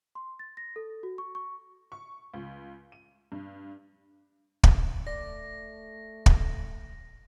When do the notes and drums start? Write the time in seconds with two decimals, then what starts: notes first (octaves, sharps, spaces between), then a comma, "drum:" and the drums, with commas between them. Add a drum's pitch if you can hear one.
0.15 C6
0.39 A6
0.57 A#6
0.76 A4
1.03 F#4
1.18 C#6
1.35 C#6
1.92 C#6
2.34 C#2
2.92 D#7
3.32 G2
4.64 drum: kick
5.07 A3 D5 A#6
6.26 drum: kick